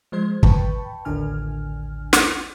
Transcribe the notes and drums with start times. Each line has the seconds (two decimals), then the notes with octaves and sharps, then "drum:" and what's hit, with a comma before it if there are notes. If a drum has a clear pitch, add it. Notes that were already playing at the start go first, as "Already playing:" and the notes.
0.12 F3 G#3 C5 C6 G#6
0.43 B4 G5 A5 B5 C#6, drum: kick
1.05 A1 D#2 D3 D4 G#5 F6
2.13 drum: snare